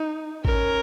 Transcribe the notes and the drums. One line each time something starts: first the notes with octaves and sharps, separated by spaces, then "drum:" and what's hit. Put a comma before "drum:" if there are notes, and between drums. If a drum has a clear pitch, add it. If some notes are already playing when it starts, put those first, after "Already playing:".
Already playing: D#4
C#4 A#4, drum: kick G#1